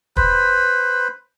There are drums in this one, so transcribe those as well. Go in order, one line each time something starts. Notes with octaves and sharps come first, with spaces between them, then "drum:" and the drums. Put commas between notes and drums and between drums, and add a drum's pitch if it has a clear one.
B4 C5 B5, drum: kick